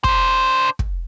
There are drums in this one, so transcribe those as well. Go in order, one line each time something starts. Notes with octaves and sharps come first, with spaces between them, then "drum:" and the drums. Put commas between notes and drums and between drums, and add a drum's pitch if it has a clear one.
D4 C5, drum: kick
drum: kick